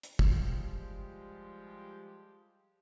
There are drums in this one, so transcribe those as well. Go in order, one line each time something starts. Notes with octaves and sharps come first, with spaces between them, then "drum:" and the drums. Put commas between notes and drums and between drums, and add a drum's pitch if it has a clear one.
drum: hi-hat
F3 G3 G#3 G4, drum: kick